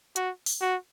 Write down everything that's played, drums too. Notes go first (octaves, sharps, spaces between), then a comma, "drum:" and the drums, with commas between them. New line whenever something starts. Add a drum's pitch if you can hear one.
F#4, drum: hi-hat
drum: open hi-hat
F#4